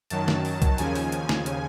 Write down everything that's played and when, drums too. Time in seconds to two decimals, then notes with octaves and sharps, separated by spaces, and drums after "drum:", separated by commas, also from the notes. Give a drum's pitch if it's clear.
0.10 F#2 D#3 F#3 A5, drum: hi-hat
0.28 drum: snare
0.45 drum: open hi-hat
0.62 drum: kick B1, hi-hat
0.78 D#2 C#3 F3 G#5, drum: hi-hat
0.95 drum: open hi-hat
1.12 drum: hi-hat
1.29 drum: snare
1.46 drum: hi-hat